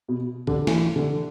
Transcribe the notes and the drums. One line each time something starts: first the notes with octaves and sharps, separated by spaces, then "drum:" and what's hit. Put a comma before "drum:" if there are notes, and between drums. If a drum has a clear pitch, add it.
B2
D3, drum: kick B1
E3, drum: snare
D3